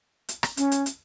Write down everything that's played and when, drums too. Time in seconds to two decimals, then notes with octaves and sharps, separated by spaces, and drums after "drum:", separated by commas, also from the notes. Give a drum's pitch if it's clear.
0.29 drum: hi-hat
0.43 drum: rim click
0.57 C#4, drum: hi-hat
0.72 drum: hi-hat
0.86 drum: hi-hat